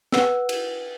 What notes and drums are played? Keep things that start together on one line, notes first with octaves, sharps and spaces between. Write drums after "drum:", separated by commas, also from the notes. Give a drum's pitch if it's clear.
B4 F#5 E6, drum: snare
drum: cymbal